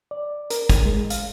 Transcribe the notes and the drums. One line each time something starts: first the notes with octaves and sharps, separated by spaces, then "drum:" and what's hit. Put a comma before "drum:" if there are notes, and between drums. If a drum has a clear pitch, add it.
D5
A#4, drum: hi-hat
drum: kick, hi-hat
G#3
F5, drum: hi-hat